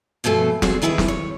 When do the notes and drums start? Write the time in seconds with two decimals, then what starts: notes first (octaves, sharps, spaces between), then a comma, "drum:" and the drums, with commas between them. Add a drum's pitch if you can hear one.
0.24 G2 B2 F3 A3 G#5
0.62 C4 D4 F#4 G#4, drum: snare
0.82 D2 D#3 E4 G#4 A#4 B4
0.98 drum: snare
1.08 C#5